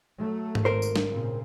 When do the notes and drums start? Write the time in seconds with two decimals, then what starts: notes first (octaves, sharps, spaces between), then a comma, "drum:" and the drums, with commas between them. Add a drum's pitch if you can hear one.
0.18 F#3 A3
0.55 drum: tom G#2
0.65 G#1 A#4 C5
0.82 drum: tambourine
0.96 drum: snare
1.09 A#2 C#3 C4